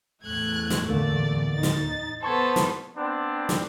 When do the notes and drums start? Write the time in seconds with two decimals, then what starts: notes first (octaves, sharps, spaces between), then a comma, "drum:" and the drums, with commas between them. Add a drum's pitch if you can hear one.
0.24 A1 E2 A3 F#6 G#6
0.70 drum: snare
0.89 D2 D3 A#3 D5
1.54 D#4 A6
1.63 drum: snare
2.23 B3 A4 C5 A5 C#6 G#6
2.56 drum: snare
2.95 B3 C4 D4
3.49 drum: snare